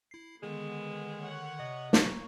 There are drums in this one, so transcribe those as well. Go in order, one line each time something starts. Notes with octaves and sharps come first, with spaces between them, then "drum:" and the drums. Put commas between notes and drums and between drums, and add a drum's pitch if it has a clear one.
E4 C7
D3 D#3 G#3 B3
C#5 F#5
C3 D#5
A#3 C#5, drum: snare